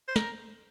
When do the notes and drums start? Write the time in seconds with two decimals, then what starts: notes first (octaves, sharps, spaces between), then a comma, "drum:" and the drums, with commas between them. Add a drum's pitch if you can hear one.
0.08 C5
0.16 A#4, drum: snare